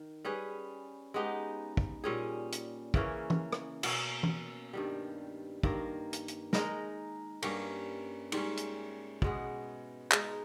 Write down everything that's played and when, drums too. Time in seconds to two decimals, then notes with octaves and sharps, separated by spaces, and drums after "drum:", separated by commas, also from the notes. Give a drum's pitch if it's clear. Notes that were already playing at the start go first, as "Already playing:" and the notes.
Already playing: D#3
0.25 G3 C#4 G#4 B4
1.14 G#3 B3 D#4 G4
1.77 drum: kick
2.04 A#2 G3 C#4 G#4
2.52 drum: hi-hat
2.94 C#3 E3 A#3 C#4, drum: kick
3.30 drum: tom E3
3.53 drum: rim click
3.83 B2 A#3 C#4, drum: cymbal
4.23 drum: tom E3
4.73 G2 D#3 G3
5.63 G2 D#3 A#3, drum: kick
6.13 drum: hi-hat
6.28 drum: hi-hat
6.53 G#3 D#4 A#4, drum: snare
7.42 G2 G3 A#3 C#4, drum: cymbal
8.32 G#2 G3 C#4, drum: cymbal
8.57 drum: hi-hat
9.22 B2 G#3 B3, drum: kick
10.12 G#3 D#4 G#4, drum: clap